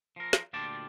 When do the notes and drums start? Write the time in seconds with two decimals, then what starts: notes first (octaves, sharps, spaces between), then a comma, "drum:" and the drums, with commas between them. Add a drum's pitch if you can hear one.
0.16 F3 A#4
0.33 drum: snare
0.53 D2 A#2 F4 G4 D5 A5